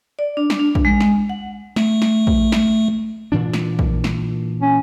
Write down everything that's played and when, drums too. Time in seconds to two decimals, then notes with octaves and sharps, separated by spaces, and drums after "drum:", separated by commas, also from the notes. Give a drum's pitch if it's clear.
0.19 D5
0.37 D4
0.50 drum: snare
0.59 D4
0.75 drum: kick
0.85 G#3
1.01 drum: snare
1.29 F#5
1.76 A3, drum: snare
2.02 drum: snare
2.27 drum: kick
2.52 drum: snare
3.32 A#2 E3 D4
3.53 drum: snare
3.79 drum: kick
4.04 drum: snare
4.62 C#4